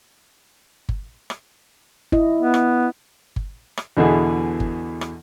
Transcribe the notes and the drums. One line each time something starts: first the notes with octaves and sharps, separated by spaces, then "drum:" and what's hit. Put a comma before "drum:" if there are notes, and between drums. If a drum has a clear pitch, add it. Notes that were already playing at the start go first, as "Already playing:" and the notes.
drum: kick G1
drum: rim click
E4 D#5, drum: kick G1
B3
drum: rim click
drum: kick G1
drum: rim click
E2 B2 D3 E3 B3 G#4
drum: kick G1
drum: rim click